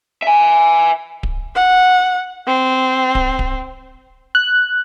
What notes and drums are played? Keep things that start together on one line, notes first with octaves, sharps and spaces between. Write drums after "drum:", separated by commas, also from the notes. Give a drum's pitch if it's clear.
E5 G#5
drum: kick D1
F#5
C4
drum: kick D1
drum: kick D1
F#6